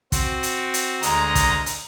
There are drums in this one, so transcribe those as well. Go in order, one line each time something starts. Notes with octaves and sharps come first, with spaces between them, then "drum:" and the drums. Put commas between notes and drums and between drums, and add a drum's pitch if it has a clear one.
C4 F#4, drum: kick, hi-hat
drum: hi-hat
drum: hi-hat
D2 G#3 D#5 A#5, drum: hi-hat
drum: kick, hi-hat
drum: hi-hat